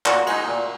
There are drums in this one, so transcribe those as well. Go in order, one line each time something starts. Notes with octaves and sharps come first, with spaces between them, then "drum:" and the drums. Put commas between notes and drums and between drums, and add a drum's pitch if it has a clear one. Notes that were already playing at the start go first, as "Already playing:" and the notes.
A#2 F#4, drum: clap
G#3 D#4, drum: cymbal
A#2